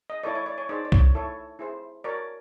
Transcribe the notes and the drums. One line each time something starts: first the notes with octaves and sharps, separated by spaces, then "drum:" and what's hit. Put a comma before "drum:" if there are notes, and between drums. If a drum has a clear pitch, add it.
D#5
E4 A4 C#5 D5
C#5
D5
C#5
D#4 G#4 C5 D5
D5
C#5, drum: kick C2
E4 A4 C#5
E4 G#4 C5
F#4 A#4 C#5 D5